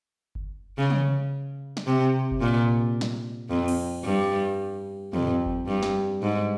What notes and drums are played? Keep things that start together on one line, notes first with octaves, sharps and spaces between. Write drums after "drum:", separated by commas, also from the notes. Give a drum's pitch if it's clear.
drum: kick G1
C#3
drum: tom
drum: snare
C3
drum: kick G1
A#2
drum: snare
F2
drum: cymbal
G2
F2, drum: tom
drum: kick G1
G2
drum: snare
G#2